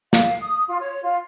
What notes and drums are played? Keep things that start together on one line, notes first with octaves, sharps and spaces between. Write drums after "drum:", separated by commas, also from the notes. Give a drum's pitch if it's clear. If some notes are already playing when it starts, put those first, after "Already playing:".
F5, drum: snare
D#6
F4
C#5
F4